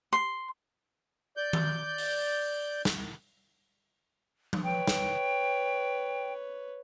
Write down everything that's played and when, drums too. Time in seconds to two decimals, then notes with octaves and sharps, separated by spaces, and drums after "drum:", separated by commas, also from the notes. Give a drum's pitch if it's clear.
0.13 C6
1.37 D5 G6
1.53 drum: tom D#3
1.98 drum: open hi-hat
2.85 drum: snare
4.53 drum: tom F3
4.64 B4 C#5 G5
4.87 drum: snare